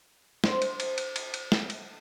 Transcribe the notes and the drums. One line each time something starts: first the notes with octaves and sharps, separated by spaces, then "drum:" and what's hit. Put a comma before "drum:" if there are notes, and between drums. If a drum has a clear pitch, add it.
D4 C5, drum: snare
drum: cymbal
drum: cymbal
drum: cymbal
drum: cymbal
drum: cymbal
drum: snare
drum: cymbal